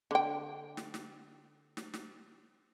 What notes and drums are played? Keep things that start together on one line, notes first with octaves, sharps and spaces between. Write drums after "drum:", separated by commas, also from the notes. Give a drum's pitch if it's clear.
D3 G5
drum: snare
drum: snare
drum: snare
drum: snare